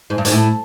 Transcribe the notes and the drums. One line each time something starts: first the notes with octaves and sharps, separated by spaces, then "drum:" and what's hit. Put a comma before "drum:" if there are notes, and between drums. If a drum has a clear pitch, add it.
G#2
G2
G#2, drum: hi-hat
A2